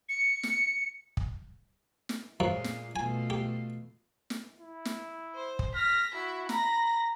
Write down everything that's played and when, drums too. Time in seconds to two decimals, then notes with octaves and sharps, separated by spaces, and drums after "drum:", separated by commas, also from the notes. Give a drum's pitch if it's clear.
0.09 C#7
0.43 drum: snare
1.17 drum: kick
2.09 drum: snare
2.40 F#2 A#2 F3 G#3 F4
2.64 drum: snare
2.96 B2 A3 F4 G#5
3.30 G4
4.30 drum: snare
4.59 E4
4.85 drum: snare
5.35 C5
5.59 drum: kick
5.75 F6 A#6 B6
6.14 E4 F#4 E5
6.49 A#5 B5 A#6, drum: snare